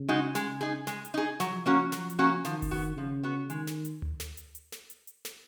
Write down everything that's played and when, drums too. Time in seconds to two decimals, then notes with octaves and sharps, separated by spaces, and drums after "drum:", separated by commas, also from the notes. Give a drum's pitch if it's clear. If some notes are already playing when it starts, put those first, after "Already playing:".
Already playing: C#3
0.08 G#3 D#4 F#4
0.35 C#3 G#3, drum: snare
0.61 D#4 G#4
0.87 G#3, drum: snare
1.05 drum: hi-hat
1.14 D#4 G#4
1.40 F3 F#3, drum: snare
1.66 A#3 C#4 F#4
1.92 F3 F#3, drum: snare
2.10 drum: hi-hat
2.19 A#3 C#4 F#4
2.45 D#3 F3, drum: snare
2.62 drum: kick F#1, open hi-hat
2.71 B3 F#4
2.97 C#3 F3
3.23 B3 F#4
3.50 D#3 G#3, drum: hi-hat
3.67 drum: snare
3.85 drum: hi-hat
4.02 drum: tom D2
4.20 drum: snare
4.37 drum: hi-hat
4.55 drum: hi-hat
4.72 drum: snare
4.90 drum: hi-hat
5.07 drum: hi-hat
5.25 drum: snare